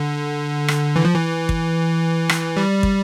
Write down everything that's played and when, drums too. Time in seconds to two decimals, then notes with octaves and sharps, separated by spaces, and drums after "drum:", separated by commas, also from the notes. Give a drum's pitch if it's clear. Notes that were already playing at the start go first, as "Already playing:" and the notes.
Already playing: D3
0.68 drum: rim click
0.96 E3
1.05 F3
1.15 E3
1.49 drum: kick
2.29 drum: rim click
2.57 G3
2.83 drum: kick